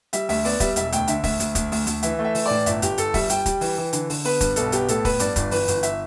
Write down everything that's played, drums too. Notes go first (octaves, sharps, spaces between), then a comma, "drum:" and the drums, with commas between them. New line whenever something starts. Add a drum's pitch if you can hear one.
G3 E5, drum: hi-hat
D2 E5, drum: open hi-hat
B3 D5, drum: open hi-hat
G3 E5, drum: kick, hi-hat
E1 E5, drum: hi-hat
D2 G5, drum: hi-hat
D3 E5, drum: hi-hat
D2 E5, drum: kick, open hi-hat
D2, drum: hi-hat
D2, drum: kick, hi-hat
D2, drum: open hi-hat
D2, drum: hi-hat
E3 E5, drum: hi-hat
A3
E5
E3, drum: open hi-hat
A2 D5
G1 E5, drum: hi-hat
G1 G4, drum: hi-hat
G1 A4, drum: hi-hat
G3 E5, drum: kick, open hi-hat
G3 G5, drum: hi-hat
G3, drum: kick, hi-hat
E3, drum: open hi-hat
E3
D3, drum: hi-hat
D3, drum: open hi-hat
B3 B4, drum: open hi-hat
G2, drum: kick, hi-hat
B1 A4, drum: hi-hat
B3 G4, drum: hi-hat
A2 A4, drum: hi-hat
B3 B4, drum: kick, open hi-hat
G2 D5, drum: hi-hat
G1, drum: kick, hi-hat
E3 B4, drum: open hi-hat
G1, drum: hi-hat
E5, drum: hi-hat